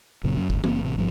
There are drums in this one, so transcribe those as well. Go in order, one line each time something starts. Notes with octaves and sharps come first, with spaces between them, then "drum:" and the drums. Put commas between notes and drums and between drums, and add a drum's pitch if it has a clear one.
F#1 F#2 A#2 C#3
F#2
D#1 G#1, drum: kick
F#1 A#3 C4, drum: tom
A1 C3
G#1 G2 C3 F3